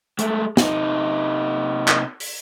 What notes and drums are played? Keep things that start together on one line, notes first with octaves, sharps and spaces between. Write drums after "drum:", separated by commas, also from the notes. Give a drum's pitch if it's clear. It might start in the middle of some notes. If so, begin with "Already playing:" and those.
G#3 A3, drum: hi-hat
C3 D#4, drum: snare
drum: clap
drum: open hi-hat